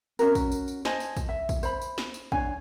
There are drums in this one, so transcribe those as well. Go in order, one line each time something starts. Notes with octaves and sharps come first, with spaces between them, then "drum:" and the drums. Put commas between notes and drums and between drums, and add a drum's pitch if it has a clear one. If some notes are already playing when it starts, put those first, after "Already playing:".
C#4 D#4 F#4 A#4, drum: tambourine
drum: kick, tambourine
drum: tambourine
drum: tambourine
C5 D#5 G#5 A5, drum: snare
drum: tambourine
drum: kick, tambourine
E5
drum: kick, tambourine
C5 B5, drum: tambourine
drum: tambourine
drum: snare
drum: tambourine
D4 C#5 G#5, drum: kick